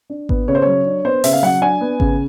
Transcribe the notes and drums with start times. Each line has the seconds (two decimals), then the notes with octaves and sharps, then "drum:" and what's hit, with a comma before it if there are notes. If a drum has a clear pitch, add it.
0.10 D4
0.29 B3, drum: kick G#1
0.48 C#3 C#5
0.55 C5
0.62 F#3 C#5
0.86 D4
1.05 B3 C5
1.24 C#3 E5, drum: open hi-hat
1.33 F5
1.43 F#3 F#5
1.62 D4 G#5
1.81 B3
2.00 C#3, drum: kick G#1